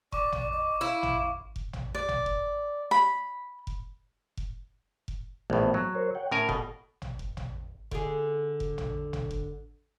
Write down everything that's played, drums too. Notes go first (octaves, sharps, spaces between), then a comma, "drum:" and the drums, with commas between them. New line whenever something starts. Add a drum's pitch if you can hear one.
D5 C#6 D6, drum: kick F1
drum: tom
D#5
E4 F5
drum: tom
drum: kick F1
drum: tom
D5
drum: tom
drum: kick F1
B5
drum: kick F1
drum: kick F1
drum: kick F1
A#1 A2 E3 A3 B3
F#3
A#4 C5 C#5
C#5 F#5 G5
A2 C#4 A#4 G#5
B2 A4, drum: kick F1
drum: tom
drum: kick F1
drum: tom
D3 G#4, drum: kick F1
drum: kick F1
drum: tom
drum: tom
drum: kick F1